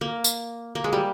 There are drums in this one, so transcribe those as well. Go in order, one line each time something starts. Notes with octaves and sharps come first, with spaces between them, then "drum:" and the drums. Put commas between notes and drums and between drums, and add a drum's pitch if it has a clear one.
A#3
drum: tambourine
A#3
G#3
G3